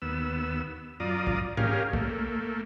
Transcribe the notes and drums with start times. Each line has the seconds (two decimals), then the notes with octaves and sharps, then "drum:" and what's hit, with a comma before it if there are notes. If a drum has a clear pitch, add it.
0.02 D#2 B3 E6
1.00 F#2 F4 D5 A#5 D#6
1.27 drum: kick
1.57 C#4 G4 G#4 A#4 F5, drum: tom G#2
1.93 A3 A#3, drum: kick